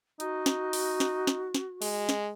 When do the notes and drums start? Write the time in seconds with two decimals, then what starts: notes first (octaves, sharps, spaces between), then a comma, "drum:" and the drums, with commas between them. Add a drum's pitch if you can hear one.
0.20 D#4 F#4, drum: hi-hat
0.46 drum: snare
0.73 drum: open hi-hat
1.00 drum: snare
1.27 drum: snare
1.55 drum: snare
1.82 G#3, drum: open hi-hat
2.09 drum: snare